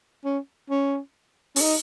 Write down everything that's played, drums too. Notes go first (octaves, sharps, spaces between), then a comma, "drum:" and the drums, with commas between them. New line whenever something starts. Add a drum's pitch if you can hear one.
C#4
C#4
C#4, drum: open hi-hat
D#4